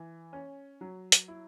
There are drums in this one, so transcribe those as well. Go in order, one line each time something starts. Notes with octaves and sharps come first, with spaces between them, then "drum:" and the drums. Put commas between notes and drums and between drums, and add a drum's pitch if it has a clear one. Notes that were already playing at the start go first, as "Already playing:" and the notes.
Already playing: E3
C#4
F#3
drum: hi-hat
E4